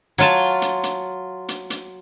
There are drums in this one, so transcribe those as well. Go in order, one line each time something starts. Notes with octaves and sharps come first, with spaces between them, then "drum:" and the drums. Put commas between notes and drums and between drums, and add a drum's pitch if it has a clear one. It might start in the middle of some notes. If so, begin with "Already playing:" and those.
F#3 F4 A5
drum: hi-hat
drum: hi-hat
drum: hi-hat
drum: hi-hat